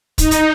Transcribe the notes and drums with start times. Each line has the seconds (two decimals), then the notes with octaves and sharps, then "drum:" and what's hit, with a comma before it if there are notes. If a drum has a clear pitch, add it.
0.18 D#4, drum: kick, hi-hat
0.31 drum: hi-hat